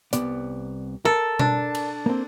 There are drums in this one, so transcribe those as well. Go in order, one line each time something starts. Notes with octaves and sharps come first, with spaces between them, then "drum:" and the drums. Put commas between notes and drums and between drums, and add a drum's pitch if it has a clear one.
C2 B3 D5, drum: hi-hat
A4 A#4
D4, drum: tom B2
drum: cymbal
A#3 C4